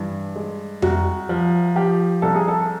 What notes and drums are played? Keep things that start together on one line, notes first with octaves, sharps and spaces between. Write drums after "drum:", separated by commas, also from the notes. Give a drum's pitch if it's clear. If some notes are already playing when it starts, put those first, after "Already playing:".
Already playing: G2 E3
G#3
C2 F#4, drum: tom F2
F3
F3 G4
C2 A4
G#4
A4